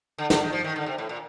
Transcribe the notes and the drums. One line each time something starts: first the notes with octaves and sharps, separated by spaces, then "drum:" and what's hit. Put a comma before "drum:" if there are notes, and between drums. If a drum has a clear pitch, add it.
D3
D3, drum: snare
D#3
F3
D#3
D3
C3
A2
A#2